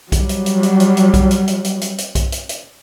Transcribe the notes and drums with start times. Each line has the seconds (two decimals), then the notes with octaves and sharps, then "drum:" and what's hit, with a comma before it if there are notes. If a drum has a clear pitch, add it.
0.12 F#3 G3, drum: kick B1, hi-hat
0.29 drum: hi-hat
0.46 drum: hi-hat
0.63 drum: hi-hat
0.80 drum: hi-hat
0.97 drum: hi-hat
1.14 drum: kick B1, hi-hat
1.31 drum: hi-hat
1.48 drum: hi-hat
1.64 drum: hi-hat
1.81 drum: hi-hat
1.98 drum: hi-hat
2.15 drum: kick B1, hi-hat
2.32 drum: hi-hat
2.49 drum: hi-hat